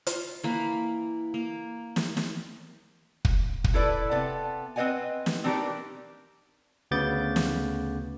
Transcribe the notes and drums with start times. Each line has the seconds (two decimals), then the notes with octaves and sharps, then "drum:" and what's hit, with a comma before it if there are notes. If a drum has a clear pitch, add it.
0.07 F4, drum: hi-hat
0.44 E3 A#3 B5
1.34 A#3
1.96 drum: snare
2.17 drum: snare
3.25 drum: kick
3.64 drum: kick
3.74 E4 A4 B4 D5
4.11 C3 B3 A4
4.76 C4 B4 C#5 D#5 F#5 G#5
5.26 drum: snare
5.44 C4 D4 D#4 G4 A#4 B4
6.91 D2 C#3 B3 D6 G6 A6
7.36 drum: snare